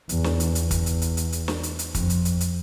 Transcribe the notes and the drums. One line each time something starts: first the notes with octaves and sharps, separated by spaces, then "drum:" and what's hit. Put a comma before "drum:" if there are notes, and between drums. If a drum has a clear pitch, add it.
E2, drum: hi-hat
drum: snare
drum: hi-hat
E2, drum: hi-hat
drum: kick, hi-hat
drum: hi-hat
drum: hi-hat
drum: hi-hat
drum: hi-hat
drum: snare
drum: hi-hat
drum: hi-hat
F2, drum: kick, hi-hat
drum: hi-hat
drum: hi-hat
drum: hi-hat